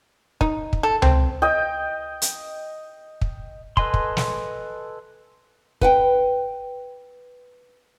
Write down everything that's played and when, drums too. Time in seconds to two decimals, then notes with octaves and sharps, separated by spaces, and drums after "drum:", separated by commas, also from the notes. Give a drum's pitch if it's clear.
0.41 D#4, drum: kick
0.73 drum: kick
0.83 A4
1.02 C4, drum: tom C#2
1.42 D#5 G5
2.22 drum: hi-hat
3.21 drum: kick
3.77 A4 B4 D#5 G#5 C6, drum: kick
3.94 drum: kick
4.17 drum: snare
5.81 B4 F#5 G5, drum: kick